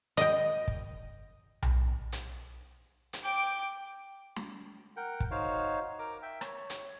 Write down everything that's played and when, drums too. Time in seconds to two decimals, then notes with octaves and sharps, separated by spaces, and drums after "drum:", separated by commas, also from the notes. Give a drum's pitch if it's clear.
0.17 D#5 G5, drum: hi-hat
0.68 drum: kick
1.62 drum: tom B1
2.12 drum: hi-hat
3.13 drum: hi-hat
3.23 G5 D6
4.36 drum: snare
4.97 A#4 F#5 G5
5.20 drum: kick
5.31 D#4 F#4 C5 C#5 F5
5.99 A#4 A#5 D6
6.22 E5 G5
6.41 C#5, drum: rim click
6.70 drum: hi-hat